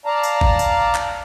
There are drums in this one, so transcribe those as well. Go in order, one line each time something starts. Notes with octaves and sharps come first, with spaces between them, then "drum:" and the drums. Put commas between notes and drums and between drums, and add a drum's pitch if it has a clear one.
D5 F5 A5 A#5
drum: tambourine
drum: kick
drum: tambourine
drum: clap